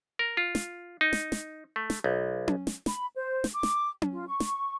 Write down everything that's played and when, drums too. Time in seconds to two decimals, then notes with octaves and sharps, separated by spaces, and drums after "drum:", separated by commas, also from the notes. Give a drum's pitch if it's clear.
0.19 A#4
0.37 F4
0.55 drum: snare
1.01 D#4
1.13 drum: snare
1.32 drum: snare
1.76 A3
1.90 drum: snare
2.04 B1
2.48 drum: tom C#4
2.67 drum: snare
2.86 B5, drum: snare
3.16 C5
3.44 drum: snare
3.53 D6
3.63 drum: snare
4.02 drum: tom C#4
4.12 F4
4.29 C#6
4.40 drum: snare